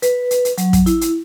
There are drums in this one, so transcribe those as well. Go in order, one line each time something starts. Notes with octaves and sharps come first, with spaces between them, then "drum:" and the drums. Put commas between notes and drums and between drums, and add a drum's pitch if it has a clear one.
B4, drum: hi-hat
drum: hi-hat
drum: hi-hat
F#3, drum: hi-hat
drum: kick, hi-hat
E4, drum: hi-hat
drum: hi-hat